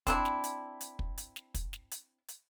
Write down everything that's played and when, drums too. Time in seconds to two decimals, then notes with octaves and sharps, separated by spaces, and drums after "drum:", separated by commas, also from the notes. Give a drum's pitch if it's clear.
0.07 C4 D4 E4, drum: kick, hi-hat
0.25 drum: snare
0.44 drum: hi-hat
0.81 drum: hi-hat
0.99 drum: kick
1.17 drum: hi-hat
1.36 drum: snare
1.54 drum: kick, hi-hat
1.73 drum: snare
1.91 drum: hi-hat
2.28 drum: hi-hat